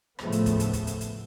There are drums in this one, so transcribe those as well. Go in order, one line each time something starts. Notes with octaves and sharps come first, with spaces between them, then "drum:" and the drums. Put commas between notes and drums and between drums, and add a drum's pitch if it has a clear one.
A2 C#3 F3 A3 B3, drum: rim click
drum: hi-hat
drum: kick, hi-hat
drum: hi-hat
drum: kick, hi-hat
drum: hi-hat
drum: hi-hat